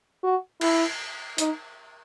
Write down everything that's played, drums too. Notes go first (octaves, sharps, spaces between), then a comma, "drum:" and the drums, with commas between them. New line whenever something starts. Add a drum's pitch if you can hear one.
F#4
E4, drum: cymbal
D#4, drum: hi-hat